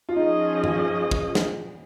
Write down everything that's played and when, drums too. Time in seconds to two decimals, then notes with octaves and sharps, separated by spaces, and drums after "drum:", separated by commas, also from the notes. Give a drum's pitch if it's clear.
0.09 F4
0.16 F3 C#4 D#4 G#4 D#5
0.64 drum: tom G2
1.11 drum: kick
1.35 drum: snare